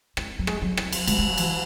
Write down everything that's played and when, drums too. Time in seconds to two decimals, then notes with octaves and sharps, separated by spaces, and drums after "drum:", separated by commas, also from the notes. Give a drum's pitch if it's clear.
0.17 G#3, drum: rim click
0.39 F#3
0.47 G#3, drum: rim click
0.62 F#3
0.77 drum: rim click
0.92 drum: cymbal
1.07 G#3, drum: cymbal
1.18 G#3
1.27 F#3
1.38 E3, drum: cymbal